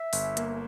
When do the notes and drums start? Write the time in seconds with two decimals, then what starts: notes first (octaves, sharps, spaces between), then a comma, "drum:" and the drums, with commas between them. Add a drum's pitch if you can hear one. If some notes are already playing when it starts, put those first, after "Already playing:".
Already playing: E5
0.13 G1, drum: open hi-hat
0.37 A#3, drum: hi-hat